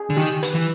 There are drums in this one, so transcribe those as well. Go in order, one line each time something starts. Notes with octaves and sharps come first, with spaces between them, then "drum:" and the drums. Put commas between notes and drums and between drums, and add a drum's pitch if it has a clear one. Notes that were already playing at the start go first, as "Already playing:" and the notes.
Already playing: G#4
D3
D#3 G4
B4, drum: hi-hat
E3